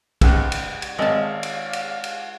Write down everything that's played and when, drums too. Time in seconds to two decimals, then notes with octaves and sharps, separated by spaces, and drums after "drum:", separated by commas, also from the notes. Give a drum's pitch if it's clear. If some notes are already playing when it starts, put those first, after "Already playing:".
0.21 C#2 G#2, drum: kick, cymbal
0.52 drum: cymbal
0.82 drum: cymbal
0.98 G#1 G#3 C#5 D5 F5 A5
1.43 drum: cymbal
1.73 drum: cymbal
2.04 drum: cymbal